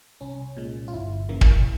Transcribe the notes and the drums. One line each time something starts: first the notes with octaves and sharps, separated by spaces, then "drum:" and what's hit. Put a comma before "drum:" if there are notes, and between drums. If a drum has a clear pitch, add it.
C2 C#4
A#2 G#3
F4
G1 E4
F2 C#3 E3 A#3
drum: kick